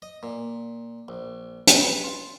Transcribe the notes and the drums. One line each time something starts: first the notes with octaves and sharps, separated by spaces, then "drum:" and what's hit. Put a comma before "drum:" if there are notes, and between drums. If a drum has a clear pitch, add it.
D#5
A#2
A#1
drum: hi-hat
B4
F4